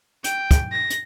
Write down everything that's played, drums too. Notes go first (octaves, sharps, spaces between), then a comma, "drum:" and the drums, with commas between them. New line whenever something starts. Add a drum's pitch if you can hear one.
G5, drum: hi-hat
drum: kick, hi-hat
A#6
drum: hi-hat